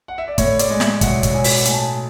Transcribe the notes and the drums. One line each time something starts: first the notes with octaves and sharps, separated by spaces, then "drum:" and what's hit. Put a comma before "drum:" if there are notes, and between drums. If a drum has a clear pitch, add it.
F#5
E5
D5
A2 C#5, drum: kick, hi-hat
D5, drum: hi-hat
G#3
E5, drum: snare
B1 F#5, drum: kick, hi-hat
drum: kick, hi-hat
B1 G#5
drum: open hi-hat
A2 G#5, drum: hi-hat
A5
G#5